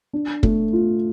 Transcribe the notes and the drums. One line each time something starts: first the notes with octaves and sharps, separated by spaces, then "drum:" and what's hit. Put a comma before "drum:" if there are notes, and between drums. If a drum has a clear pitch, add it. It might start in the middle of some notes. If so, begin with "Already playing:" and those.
D4
A3, drum: kick
F4